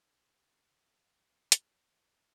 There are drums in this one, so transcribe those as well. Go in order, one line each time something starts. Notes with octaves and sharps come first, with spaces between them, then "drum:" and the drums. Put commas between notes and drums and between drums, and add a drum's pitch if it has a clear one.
C2 D4
B1 F3 F#4 G#4
C#2 A2
F2 C3 F5 F#5 D#6
E2 A2, drum: hi-hat
C#6 D#6 A6